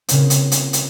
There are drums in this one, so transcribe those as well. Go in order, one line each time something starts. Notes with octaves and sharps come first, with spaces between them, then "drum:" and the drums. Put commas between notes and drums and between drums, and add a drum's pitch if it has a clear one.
A#2 C#3 C4, drum: hi-hat
drum: hi-hat
drum: hi-hat
drum: hi-hat